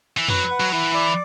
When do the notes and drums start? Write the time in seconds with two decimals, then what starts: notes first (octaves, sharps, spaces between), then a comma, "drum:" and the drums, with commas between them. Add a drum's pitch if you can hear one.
0.17 E3
0.28 F#3 B4, drum: tom F2
0.51 F#5
0.60 F#3
0.72 E3 E4
0.94 D5